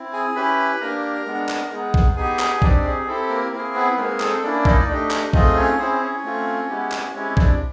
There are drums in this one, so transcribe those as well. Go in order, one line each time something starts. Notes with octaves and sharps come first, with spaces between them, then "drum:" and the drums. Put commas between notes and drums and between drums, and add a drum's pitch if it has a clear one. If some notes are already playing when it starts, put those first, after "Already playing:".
Already playing: C4 E4
G#4 G#5
C#4 E4 G4 B4 B5
A#3 D4 G4 A#4 A#5
G#3 B3 D4
drum: clap
G#3 B3 D#4 G#4
drum: kick A#1
B3 D#4 G4 G#4 G#5
drum: clap
C4 D4 D#4 G4 D5, drum: kick A#1
G#4
C4 E4 G4 A4
A#3 A#4
A#3 C4 E4 G#4 A#4
B3 B4
G#3 A#3 C4 D#4 G#4 A#4
A4, drum: clap
A#3 C#4 D4 E4 D5
D#4 D#5, drum: kick A#1
D5
A3 D4 D#4 G4 D#5
drum: clap
A3 C4 D#4 F4 G#4 D#5, drum: kick A#1
C#4 C#5
C4 C#4 E4 G#4 C5
C#4 C#5
A3 C4 F4
G#3 B3 E4 G4
drum: clap
G#3 C4 C#4 E4 G4 C#5
D4 D5, drum: kick A#1